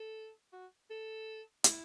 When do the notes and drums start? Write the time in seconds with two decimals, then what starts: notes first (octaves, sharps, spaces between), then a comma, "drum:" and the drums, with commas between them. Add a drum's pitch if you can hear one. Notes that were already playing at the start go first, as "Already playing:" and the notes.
Already playing: A4
0.53 F#4
0.90 A4
1.64 E4, drum: hi-hat